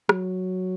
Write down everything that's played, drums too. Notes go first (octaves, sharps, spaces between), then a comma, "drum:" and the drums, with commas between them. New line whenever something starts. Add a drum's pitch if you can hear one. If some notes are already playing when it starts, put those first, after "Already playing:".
F#3, drum: rim click